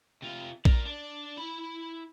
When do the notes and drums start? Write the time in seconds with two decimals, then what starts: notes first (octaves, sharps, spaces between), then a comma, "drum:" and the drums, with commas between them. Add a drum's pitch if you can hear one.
0.22 C3 F4
0.65 A#4 D5, drum: kick A#1
0.86 D4 D5
1.37 E4 B5